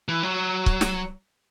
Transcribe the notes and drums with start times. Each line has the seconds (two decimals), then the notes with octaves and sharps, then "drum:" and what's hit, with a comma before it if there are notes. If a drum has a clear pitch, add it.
0.08 E3
0.23 F#3
0.66 drum: kick
0.81 drum: snare